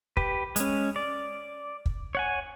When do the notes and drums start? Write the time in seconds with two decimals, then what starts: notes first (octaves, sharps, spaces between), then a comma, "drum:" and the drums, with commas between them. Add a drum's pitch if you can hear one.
0.17 G4 B4, drum: kick
0.56 G#3 C#4, drum: hi-hat
0.96 D5
1.86 drum: kick
2.15 C#5 F#5 G#5